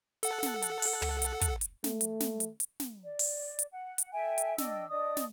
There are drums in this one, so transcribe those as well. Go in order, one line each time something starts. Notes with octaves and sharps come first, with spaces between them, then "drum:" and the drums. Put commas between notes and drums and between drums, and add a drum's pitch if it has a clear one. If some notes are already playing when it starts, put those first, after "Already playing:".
A4 F#5, drum: hi-hat
drum: snare
drum: hi-hat
drum: open hi-hat
drum: tom
drum: hi-hat
drum: kick, hi-hat
drum: hi-hat
A3, drum: snare
drum: hi-hat
drum: snare
drum: hi-hat
drum: hi-hat
drum: snare
D5
drum: open hi-hat
drum: hi-hat
F#5
drum: hi-hat
A4 E5 G5 G#5
drum: hi-hat
D4 D#5 G5 E6, drum: snare
D4 D5 D#5 D#6
drum: snare